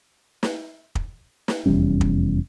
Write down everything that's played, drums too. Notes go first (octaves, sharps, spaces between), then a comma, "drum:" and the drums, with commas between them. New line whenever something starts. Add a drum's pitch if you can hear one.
drum: snare
drum: kick
drum: snare
F1 E2 G3 C#4
drum: kick